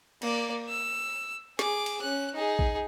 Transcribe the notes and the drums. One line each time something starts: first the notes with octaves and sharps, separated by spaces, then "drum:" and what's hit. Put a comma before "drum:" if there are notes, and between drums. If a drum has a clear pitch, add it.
A#3 D5, drum: cymbal
E6
G#4 D6, drum: snare
drum: cymbal
C#4 F#6
D#4 G#4
drum: kick